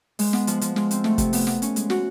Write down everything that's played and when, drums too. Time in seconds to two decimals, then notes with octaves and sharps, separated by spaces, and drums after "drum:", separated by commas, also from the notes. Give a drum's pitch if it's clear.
0.19 G#3, drum: open hi-hat
0.33 B3, drum: snare
0.47 F3, drum: hi-hat
0.61 F3, drum: hi-hat
0.76 G#3, drum: snare
0.91 C4, drum: hi-hat
1.04 A3, drum: snare
1.18 C3, drum: kick, hi-hat
1.33 B3, drum: open hi-hat
1.47 B3, drum: snare
1.62 C#4, drum: hi-hat
1.76 G#3, drum: hi-hat
1.90 F#4, drum: snare